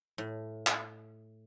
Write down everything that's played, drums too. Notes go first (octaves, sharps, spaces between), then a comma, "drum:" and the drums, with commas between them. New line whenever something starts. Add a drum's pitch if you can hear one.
A2
drum: clap